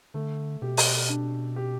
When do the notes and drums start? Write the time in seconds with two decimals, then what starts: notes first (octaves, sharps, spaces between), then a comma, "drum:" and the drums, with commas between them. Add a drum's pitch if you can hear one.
0.14 D3 A3
0.62 B2 G4
0.77 drum: open hi-hat
1.09 D4
1.56 G4